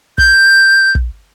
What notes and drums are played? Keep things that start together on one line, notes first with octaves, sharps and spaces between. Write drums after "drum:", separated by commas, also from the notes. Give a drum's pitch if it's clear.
G6, drum: kick
drum: kick